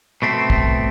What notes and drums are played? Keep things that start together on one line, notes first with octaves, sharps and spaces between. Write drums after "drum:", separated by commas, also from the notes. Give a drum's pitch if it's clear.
B2 A3 C4
drum: kick